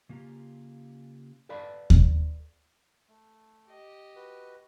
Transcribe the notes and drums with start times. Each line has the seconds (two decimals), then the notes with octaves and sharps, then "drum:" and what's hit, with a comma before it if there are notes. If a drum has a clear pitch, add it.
0.09 C#3 A#3 F4 G4 A#5
1.49 A4 B4 D5 F5 B5
1.90 drum: kick D#2
3.08 A3
3.67 G4 D#5
4.16 F#4 B4